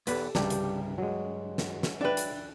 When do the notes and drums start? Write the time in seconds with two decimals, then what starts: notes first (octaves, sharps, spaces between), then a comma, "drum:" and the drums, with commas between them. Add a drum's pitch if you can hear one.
0.07 B1 E2 G4 A4 B4, drum: hi-hat
0.35 C2 G2 C#3 G3 G4 D5 A5, drum: snare
0.50 drum: hi-hat
0.98 F#3 G#3 F#4
1.58 drum: snare
1.83 drum: snare
2.01 D4 B4 E5 G5 F#6
2.17 drum: hi-hat